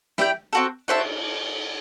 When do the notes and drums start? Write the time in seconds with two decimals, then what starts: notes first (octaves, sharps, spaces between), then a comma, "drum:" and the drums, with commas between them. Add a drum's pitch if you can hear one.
0.18 E4 G4 D5 G5, drum: snare
0.53 C4 F#4 A4
0.88 F#4 C5 E5 A5, drum: cymbal